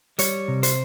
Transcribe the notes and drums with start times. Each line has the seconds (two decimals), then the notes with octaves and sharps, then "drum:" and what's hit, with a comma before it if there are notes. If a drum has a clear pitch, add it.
0.19 G3 C#5, drum: hi-hat
0.48 C3
0.63 C5, drum: hi-hat